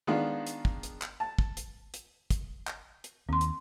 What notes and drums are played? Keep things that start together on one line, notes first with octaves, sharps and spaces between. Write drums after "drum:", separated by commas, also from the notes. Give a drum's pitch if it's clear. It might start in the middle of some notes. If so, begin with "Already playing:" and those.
D#3 G#3 B3 D4 F4
drum: hi-hat
drum: kick
drum: hi-hat
drum: clap
A5
drum: kick
drum: hi-hat
drum: hi-hat
drum: kick, hi-hat
drum: clap
drum: hi-hat
D#2 C4 C6
drum: hi-hat